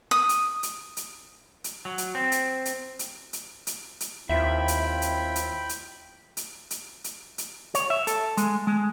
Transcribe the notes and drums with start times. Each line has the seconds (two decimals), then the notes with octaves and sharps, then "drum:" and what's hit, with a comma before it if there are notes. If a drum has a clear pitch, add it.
0.11 D#6
0.29 drum: hi-hat
0.63 drum: hi-hat
0.97 drum: hi-hat
1.64 drum: hi-hat
1.85 F#3
1.98 drum: hi-hat
2.15 C4
2.32 drum: hi-hat
2.65 drum: hi-hat
2.99 drum: hi-hat
3.33 drum: hi-hat
3.67 drum: hi-hat
4.00 drum: hi-hat
4.29 D#2 C4 E4 F4 E5 G5 B5
4.68 drum: hi-hat
5.02 drum: hi-hat
5.36 drum: hi-hat
5.69 drum: hi-hat
6.37 drum: hi-hat
6.71 drum: hi-hat
7.04 drum: hi-hat
7.38 drum: hi-hat
7.75 C#5, drum: hi-hat
7.90 E5
8.07 A4, drum: hi-hat
8.37 G#3, drum: hi-hat
8.67 G#3